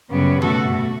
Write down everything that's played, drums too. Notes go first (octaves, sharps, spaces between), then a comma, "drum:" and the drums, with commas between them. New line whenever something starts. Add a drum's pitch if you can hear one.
F#2 C#3 G3 B3
B2 A3 F#4 A4, drum: tom C#3